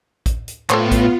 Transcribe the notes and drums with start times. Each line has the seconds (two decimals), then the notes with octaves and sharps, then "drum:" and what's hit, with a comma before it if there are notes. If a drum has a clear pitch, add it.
0.26 drum: kick A1, hi-hat
0.48 drum: hi-hat
0.70 A2 B3 F4 A4 C5 C#5, drum: clap
0.91 drum: kick A1, hi-hat